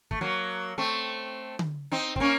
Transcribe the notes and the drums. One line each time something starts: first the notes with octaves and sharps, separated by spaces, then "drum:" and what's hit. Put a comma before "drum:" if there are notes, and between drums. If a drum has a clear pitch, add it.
A3, drum: kick
F#3 A#3
A3 C4
drum: tom D3
C4 D#4
C4, drum: kick
A#3 C#4